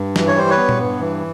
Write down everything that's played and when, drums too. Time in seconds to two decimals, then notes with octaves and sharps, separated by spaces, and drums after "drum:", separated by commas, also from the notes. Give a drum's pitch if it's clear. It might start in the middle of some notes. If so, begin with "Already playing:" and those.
Already playing: G2
0.16 E3, drum: snare
0.28 C#5
0.36 G3 C5
0.50 B4 C#5
0.57 B3
0.69 drum: tom A#2
0.79 G2
1.00 E3